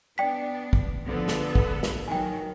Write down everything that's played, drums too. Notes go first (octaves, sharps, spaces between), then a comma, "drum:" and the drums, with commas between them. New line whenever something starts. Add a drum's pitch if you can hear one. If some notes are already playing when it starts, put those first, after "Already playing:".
B3 D4 D5 G5 B6
drum: kick
D3 F3 B3 A4 B4
drum: snare
drum: kick
drum: snare
D#3 F#3 G5 G#5